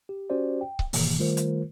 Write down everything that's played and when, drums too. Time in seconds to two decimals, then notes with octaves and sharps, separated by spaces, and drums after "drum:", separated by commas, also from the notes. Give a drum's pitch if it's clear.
0.09 G4
0.30 C#4 F#4 G4 C5 D5
0.61 G5
0.79 drum: kick C#1
0.93 G#2 B2 D#3 E3 A#3, drum: open hi-hat
1.18 D#3 G3 A3 F4 A#4 C5
1.37 drum: hi-hat